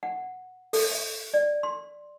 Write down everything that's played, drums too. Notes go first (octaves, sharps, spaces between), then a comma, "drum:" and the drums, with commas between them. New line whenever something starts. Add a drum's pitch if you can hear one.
F#5
A4, drum: open hi-hat
E5
D5
C6